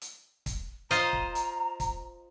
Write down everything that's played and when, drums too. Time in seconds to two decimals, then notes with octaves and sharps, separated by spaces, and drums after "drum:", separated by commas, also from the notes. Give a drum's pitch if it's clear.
0.02 drum: hi-hat
0.46 drum: kick, hi-hat
0.91 F4 C5 D#5 A#5, drum: hi-hat
1.13 drum: kick
1.35 drum: hi-hat
1.80 drum: kick, hi-hat